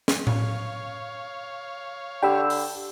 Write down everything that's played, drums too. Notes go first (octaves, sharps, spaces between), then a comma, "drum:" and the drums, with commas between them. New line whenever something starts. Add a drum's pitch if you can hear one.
drum: snare
C#5 F5, drum: tom A2
D3 G4 G5 B5 E6
drum: open hi-hat